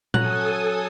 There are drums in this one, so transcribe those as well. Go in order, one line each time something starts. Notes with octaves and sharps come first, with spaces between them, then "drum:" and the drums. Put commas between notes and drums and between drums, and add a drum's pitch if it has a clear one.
F#3 C#4 A4 G#5 A#5 D#6 F#6, drum: tom A#2